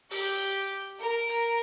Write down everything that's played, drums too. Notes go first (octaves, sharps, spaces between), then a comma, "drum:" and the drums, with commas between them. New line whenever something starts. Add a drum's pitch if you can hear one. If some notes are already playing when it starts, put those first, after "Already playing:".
G4, drum: open hi-hat
A#4
drum: hi-hat